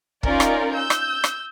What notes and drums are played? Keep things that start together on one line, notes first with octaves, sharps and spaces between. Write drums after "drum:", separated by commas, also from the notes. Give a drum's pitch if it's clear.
C#4 D#4 F4 A#4 D5, drum: kick
drum: rim click
E6 G6
drum: rim click
drum: rim click